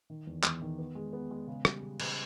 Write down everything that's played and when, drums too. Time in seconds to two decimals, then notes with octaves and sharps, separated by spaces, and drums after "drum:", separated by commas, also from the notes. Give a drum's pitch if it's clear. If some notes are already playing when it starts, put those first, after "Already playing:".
0.10 D#3
0.27 E2
0.43 E2, drum: clap
0.62 D#3
0.78 B3
0.95 G#3
1.13 B3
1.31 G#3
1.48 C#3
1.65 G3, drum: rim click
1.82 C#3
2.00 C#3, drum: cymbal